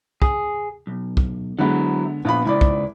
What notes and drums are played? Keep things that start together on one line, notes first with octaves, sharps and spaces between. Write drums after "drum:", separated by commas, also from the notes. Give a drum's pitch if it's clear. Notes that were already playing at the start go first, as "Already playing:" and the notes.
G#4, drum: kick
B1
drum: kick
D3 F#3 G#3 B3 E4
A#1 B3 F5 B5
C#2 E4 D5 B5
drum: kick